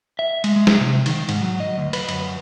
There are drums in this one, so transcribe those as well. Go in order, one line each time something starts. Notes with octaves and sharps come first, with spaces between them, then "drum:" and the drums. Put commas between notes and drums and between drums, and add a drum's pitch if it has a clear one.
E5
G#3, drum: cymbal
G#3
drum: snare
C3
D#3, drum: cymbal
G#2, drum: cymbal
F#3
D#5
D2
B4, drum: cymbal
F#2, drum: cymbal